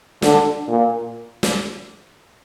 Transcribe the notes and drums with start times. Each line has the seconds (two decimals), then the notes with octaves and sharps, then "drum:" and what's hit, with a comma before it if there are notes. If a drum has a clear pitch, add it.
0.22 D3, drum: snare
0.68 A#2
1.43 drum: snare